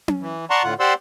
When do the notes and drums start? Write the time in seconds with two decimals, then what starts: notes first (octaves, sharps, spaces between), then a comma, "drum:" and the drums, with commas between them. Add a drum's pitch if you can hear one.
0.08 drum: tom C#4
0.21 E3
0.50 D5 F#5 A5 A#5 C6 C#6
0.64 A2 D3 F4 F#5
0.80 G4 C5 D5 F#5 C6 E6